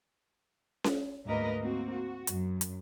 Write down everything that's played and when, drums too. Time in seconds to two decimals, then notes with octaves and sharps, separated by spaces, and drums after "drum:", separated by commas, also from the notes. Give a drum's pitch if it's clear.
0.84 drum: snare C#4
1.26 D2 G#2 A#3 A#4 B4 D#5
1.59 A#3 C4 F#4
1.91 F#4
2.27 F#2, drum: hi-hat
2.61 drum: hi-hat